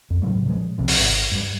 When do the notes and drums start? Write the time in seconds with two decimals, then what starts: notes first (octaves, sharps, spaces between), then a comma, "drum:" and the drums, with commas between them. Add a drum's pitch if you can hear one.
0.10 F2
0.22 A2 C#3 F#3 G3
0.46 A#2 F3 F#3 G#3
0.78 C2 C3 F3
0.88 drum: open hi-hat
1.00 G#1
1.32 G2 G3